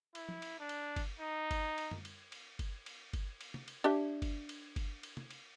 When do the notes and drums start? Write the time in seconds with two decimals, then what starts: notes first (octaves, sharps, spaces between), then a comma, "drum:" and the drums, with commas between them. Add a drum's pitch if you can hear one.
0.15 E4, drum: cymbal
0.29 drum: tom
0.42 drum: cymbal
0.60 D4
0.69 drum: cymbal
0.96 drum: kick G1, cymbal
1.20 D#4
1.51 drum: kick G1, cymbal
1.78 drum: cymbal
1.91 drum: tom F#2
2.05 drum: cymbal
2.32 drum: cymbal
2.59 drum: kick G1, cymbal
2.86 drum: cymbal
3.13 drum: kick G1, cymbal
3.41 drum: cymbal
3.54 drum: tom
3.68 drum: cymbal
3.84 D4 G4 E5
4.22 drum: kick G1, cymbal
4.49 drum: cymbal
4.76 drum: kick G1, cymbal
5.03 drum: cymbal
5.17 drum: tom
5.31 drum: cymbal